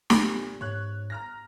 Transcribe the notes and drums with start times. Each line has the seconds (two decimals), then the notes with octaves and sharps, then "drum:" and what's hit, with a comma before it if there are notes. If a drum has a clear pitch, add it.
0.10 A#2 B3 G4, drum: snare
0.61 G#2 C#5 F#6
1.10 A#5 F6 A#6